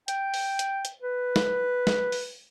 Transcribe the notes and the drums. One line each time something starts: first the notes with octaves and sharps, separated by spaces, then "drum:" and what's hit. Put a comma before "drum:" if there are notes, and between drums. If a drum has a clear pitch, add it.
G5, drum: hi-hat
drum: open hi-hat
drum: hi-hat
drum: hi-hat
B4
drum: snare
drum: snare
drum: open hi-hat